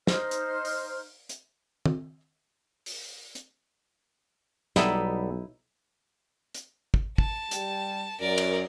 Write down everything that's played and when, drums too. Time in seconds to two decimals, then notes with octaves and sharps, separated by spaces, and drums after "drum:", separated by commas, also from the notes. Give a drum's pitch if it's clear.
0.07 D#4 C5 F6, drum: snare
0.31 drum: hi-hat
0.65 drum: open hi-hat
1.29 drum: hi-hat
1.86 drum: tom D#3
2.86 drum: open hi-hat
3.35 drum: hi-hat
4.76 B1 G3 B3 D#4 E4 A4, drum: snare
6.54 drum: hi-hat
6.94 drum: kick
7.18 A5, drum: kick
7.51 G3 G5, drum: hi-hat
8.20 F#2 A#4 D5
8.38 drum: cymbal